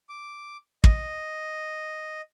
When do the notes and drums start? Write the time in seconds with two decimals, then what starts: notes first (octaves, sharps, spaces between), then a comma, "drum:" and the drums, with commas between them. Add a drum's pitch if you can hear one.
0.09 D6
0.84 D#5, drum: kick